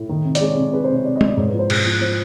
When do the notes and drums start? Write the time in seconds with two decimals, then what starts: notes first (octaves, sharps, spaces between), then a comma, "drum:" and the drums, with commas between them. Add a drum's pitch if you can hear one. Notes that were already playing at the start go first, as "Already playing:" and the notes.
Already playing: A2
0.09 D#3
0.25 C3
0.35 D5, drum: hi-hat
0.41 G#3 C#5
0.57 C3
0.73 G#3 B4
0.84 C5
0.90 C3 C#5
1.05 C3 D5
1.16 D#5
1.21 C3, drum: tom G#3
1.27 D5
1.37 G#2 C#5
1.48 B4
1.53 F3
1.59 C5
1.70 G#2, drum: cymbal
1.85 F3
2.01 F3 C5